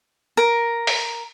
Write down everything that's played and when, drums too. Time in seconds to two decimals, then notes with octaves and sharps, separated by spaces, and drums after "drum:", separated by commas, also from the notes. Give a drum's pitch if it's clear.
0.37 A#4
0.87 drum: open hi-hat